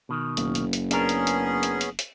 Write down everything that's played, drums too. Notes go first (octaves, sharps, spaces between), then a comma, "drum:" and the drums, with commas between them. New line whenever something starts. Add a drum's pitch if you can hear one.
B2 D#3
F#1, drum: hi-hat
drum: hi-hat
drum: hi-hat
B3 C#4 D4 G#4 A#4, drum: hi-hat
drum: hi-hat
drum: hi-hat
drum: hi-hat
drum: hi-hat
drum: hi-hat